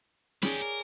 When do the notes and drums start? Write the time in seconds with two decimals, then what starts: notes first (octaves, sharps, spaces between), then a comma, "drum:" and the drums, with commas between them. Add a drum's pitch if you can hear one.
0.42 G4 G#4 A#4 C#5 D5, drum: snare C#4
0.61 A#4